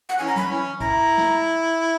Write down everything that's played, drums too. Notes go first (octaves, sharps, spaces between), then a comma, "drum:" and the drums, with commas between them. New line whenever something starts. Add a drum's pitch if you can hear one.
F#5
E3 C#4 G#5
A#5
B5, drum: tom F#3
E3 C#4
E4 A#5, drum: kick
drum: snare